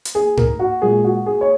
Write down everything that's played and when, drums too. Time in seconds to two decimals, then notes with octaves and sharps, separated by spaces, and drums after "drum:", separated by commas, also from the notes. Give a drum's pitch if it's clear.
0.05 drum: hi-hat
0.15 G#4
0.37 A#4, drum: tom G#2
0.59 F#4
0.82 A#2 G#3 G#4
1.04 F#4
1.26 G#4
1.41 C#5